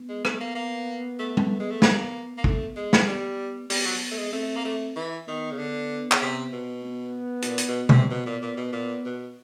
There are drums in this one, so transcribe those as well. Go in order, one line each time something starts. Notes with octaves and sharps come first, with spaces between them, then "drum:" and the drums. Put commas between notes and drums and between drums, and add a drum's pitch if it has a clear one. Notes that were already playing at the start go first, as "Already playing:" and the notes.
Already playing: B3
G#3
A3, drum: rim click
A#3
A#3
A3
drum: tom
G#3
A3
A#3, drum: snare
A#3
A3 B3, drum: kick
G#3
drum: snare
G3 B3
G3 B3, drum: open hi-hat
F#3
A3
G#3
A3 C4
A#3
A3
E3
D#3 B3
C#3
D3
C#3, drum: clap
C3
B2
B3
B2, drum: hi-hat
A#2
drum: hi-hat
B2
C3, drum: tom B2
B2 B3
A#2
A#2
B2
A#2
B2